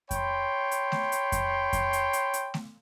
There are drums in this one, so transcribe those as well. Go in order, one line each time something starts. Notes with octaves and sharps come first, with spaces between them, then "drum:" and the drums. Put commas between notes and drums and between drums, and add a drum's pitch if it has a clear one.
C#5 G5 B5 C6, drum: kick F2, hi-hat
drum: hi-hat
drum: snare A3
drum: hi-hat
drum: kick F2, hi-hat
drum: kick F2, hi-hat
drum: hi-hat
drum: hi-hat
drum: hi-hat
drum: snare A3